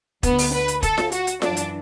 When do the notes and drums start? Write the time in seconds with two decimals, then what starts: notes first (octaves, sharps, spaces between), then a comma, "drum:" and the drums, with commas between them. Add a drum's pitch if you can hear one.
0.23 D2 D3 B3, drum: kick E1, hi-hat
0.38 drum: open hi-hat
0.53 B4
0.68 drum: hi-hat
0.83 A4, drum: kick E1, hi-hat
0.98 drum: snare F4
1.12 F#4, drum: hi-hat
1.27 drum: hi-hat
1.42 F#2 E3 D4, drum: snare F4
1.57 drum: hi-hat